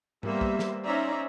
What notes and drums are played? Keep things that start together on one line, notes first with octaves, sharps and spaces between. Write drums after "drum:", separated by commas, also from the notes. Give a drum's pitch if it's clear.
G3 A#3 B3 C5 E5, drum: tom G#2
drum: kick
drum: snare
C#4 D#4 C5 D5 E5 A#5